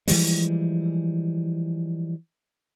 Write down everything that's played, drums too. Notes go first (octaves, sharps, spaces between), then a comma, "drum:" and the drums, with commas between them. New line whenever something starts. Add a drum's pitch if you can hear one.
E3 F3 G3 G#3, drum: open hi-hat